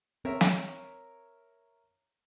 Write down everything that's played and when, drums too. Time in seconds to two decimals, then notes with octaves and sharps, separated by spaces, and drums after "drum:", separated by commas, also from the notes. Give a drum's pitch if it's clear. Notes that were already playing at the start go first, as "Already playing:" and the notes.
0.25 C4 A#4 C#5 E5
0.41 drum: snare